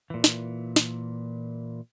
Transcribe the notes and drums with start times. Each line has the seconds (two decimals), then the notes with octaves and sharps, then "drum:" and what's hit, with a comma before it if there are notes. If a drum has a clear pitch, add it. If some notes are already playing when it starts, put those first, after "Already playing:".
0.10 A#2 E3
0.24 drum: snare
0.76 drum: snare